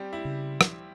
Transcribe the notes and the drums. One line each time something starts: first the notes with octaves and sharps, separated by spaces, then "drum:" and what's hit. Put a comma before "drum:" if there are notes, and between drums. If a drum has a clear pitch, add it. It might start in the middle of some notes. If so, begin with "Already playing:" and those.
Already playing: G3 C4 G4
E4
C#3
drum: rim click